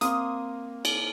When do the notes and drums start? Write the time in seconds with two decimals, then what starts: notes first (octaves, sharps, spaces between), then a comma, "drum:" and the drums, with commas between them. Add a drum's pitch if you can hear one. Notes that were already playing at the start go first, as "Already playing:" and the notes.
0.01 A#3 C4 C6 D#6, drum: hi-hat
0.85 drum: cymbal